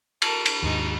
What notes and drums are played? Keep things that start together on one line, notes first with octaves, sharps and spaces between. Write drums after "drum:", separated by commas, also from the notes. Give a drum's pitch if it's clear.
A4 A#4, drum: cymbal
drum: cymbal
D#2 G#2 G#3 D#4